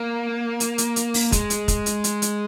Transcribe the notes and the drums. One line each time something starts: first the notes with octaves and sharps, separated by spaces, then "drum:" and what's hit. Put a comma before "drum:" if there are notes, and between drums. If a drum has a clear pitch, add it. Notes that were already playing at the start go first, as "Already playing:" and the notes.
Already playing: A#3
drum: hi-hat
drum: hi-hat
drum: hi-hat
drum: open hi-hat
G#3, drum: kick, hi-hat
drum: hi-hat
drum: kick, hi-hat
drum: hi-hat
drum: hi-hat
drum: hi-hat